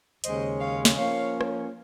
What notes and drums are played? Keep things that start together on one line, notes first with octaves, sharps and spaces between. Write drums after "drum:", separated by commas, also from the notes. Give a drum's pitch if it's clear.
D#2 C#3 G#3 C#4 C5 D#5, drum: hi-hat
C#5 F5
drum: snare
F3 A#3 C#4 C#5 F5
drum: rim click